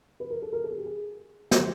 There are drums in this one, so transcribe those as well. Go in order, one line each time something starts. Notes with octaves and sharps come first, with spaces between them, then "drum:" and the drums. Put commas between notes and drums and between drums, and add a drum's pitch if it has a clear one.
B4
A#4
A4
A#4
A4
G#4
G4
G#4
G4, drum: snare